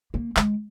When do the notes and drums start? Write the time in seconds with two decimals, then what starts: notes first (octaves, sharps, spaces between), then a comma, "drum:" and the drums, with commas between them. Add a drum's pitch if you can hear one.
0.14 A#3
0.37 G#3, drum: clap